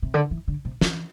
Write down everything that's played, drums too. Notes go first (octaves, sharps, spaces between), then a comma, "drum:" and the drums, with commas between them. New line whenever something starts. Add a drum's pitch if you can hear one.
C3
D3
E3
D3
C3
E3, drum: snare